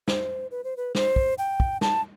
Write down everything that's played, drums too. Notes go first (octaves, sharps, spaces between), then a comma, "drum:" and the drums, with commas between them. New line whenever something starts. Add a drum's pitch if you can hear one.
C5, drum: snare
B4
C5
B4
C5, drum: snare
drum: kick
G5
drum: kick
A5, drum: snare